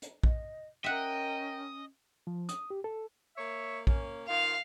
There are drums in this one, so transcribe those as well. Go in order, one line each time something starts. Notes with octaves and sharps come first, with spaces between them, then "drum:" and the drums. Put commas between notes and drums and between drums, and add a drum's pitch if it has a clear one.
drum: hi-hat
D#5, drum: kick
C#4 A#4 D#5 E5 F#5 G5
F3
D#6, drum: hi-hat
G4
A4
A#3 C#5 E5
A#3 C#4, drum: kick
D#3 F4 F5